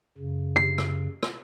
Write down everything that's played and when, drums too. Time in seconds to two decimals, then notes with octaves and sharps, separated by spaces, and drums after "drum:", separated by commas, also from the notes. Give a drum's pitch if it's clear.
0.18 F#2 C#3
0.56 C7
0.78 drum: rim click
1.23 drum: rim click